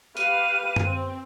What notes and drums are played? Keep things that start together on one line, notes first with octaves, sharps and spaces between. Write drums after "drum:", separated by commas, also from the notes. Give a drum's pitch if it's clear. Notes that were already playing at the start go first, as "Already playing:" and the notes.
G4 B4 F5 D#7, drum: hi-hat
drum: tom F#2
C4